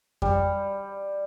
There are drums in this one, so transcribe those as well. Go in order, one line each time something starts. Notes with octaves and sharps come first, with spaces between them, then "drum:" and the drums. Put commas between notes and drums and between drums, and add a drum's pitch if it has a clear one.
G3, drum: kick F2